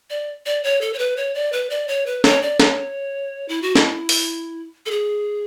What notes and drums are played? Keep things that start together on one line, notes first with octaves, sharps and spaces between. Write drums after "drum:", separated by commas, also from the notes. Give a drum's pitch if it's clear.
D5
D5
C#5
A4
C#5
B4
C#5
D5
B4
D5
C#5
B4
C#5, drum: snare
D5
C#5, drum: snare
E4
F#4
E4, drum: snare
drum: open hi-hat
A4
G#4